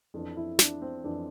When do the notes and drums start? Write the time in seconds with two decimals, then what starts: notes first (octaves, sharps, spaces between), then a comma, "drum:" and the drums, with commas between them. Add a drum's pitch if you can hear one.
0.14 F2 E3 D4
0.36 E4
0.59 D4, drum: snare
0.82 C4
1.04 F2 E3 D4